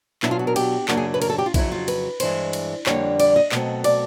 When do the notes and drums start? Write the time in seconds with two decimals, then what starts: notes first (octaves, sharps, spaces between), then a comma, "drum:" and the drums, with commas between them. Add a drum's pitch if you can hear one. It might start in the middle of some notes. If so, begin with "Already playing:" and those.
0.22 B2 F#3 B3 D4 E4, drum: clap
0.31 F4
0.39 F#4
0.47 A#4
0.56 G4, drum: cymbal
0.88 F#2 C#3 F#3 A#3 D4 F#4, drum: clap
0.97 G#4
1.14 B4
1.22 A#4, drum: cymbal
1.30 A4
1.38 G4
1.46 F4
1.54 F2 C#3 F#3 E4, drum: kick, cymbal
1.72 F4
1.88 B4, drum: cymbal
2.20 G2 E3 G#3 C5, drum: cymbal
2.53 drum: cymbal
2.86 F2 D3 G3 A#3 D4 C#5, drum: clap
3.20 D5, drum: cymbal
3.36 D#5
3.52 B2 F#3 A3 C4 D#5, drum: clap
3.84 D5, drum: cymbal